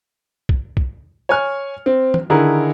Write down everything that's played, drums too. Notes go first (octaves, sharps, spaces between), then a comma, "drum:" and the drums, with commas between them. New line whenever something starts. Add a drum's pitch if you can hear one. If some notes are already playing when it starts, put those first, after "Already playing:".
drum: kick
drum: kick
C#5 G#5 F6
C4
drum: tom
D3 D#3 E4 G#4 A#4